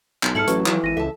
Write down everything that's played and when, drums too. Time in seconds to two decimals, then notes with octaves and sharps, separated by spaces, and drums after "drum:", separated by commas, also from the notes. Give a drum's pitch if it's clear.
0.23 B1, drum: clap
0.35 G#2 E4 A4 F6 C#7 F#7
0.47 A1 F#3 B4 C#6, drum: hi-hat
0.66 F2 D#3 E3, drum: clap
0.84 G#1 A#6 D#7
0.97 C#2 A4 E5 A5